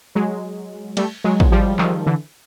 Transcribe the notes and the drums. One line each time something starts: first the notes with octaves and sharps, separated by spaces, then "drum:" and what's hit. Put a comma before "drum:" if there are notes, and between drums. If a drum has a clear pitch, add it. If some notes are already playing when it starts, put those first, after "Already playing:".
F#3 G#3
G3 A3, drum: cymbal
F#3 G#3
drum: kick
F3 G3
D#3 F3, drum: clap
D3 E3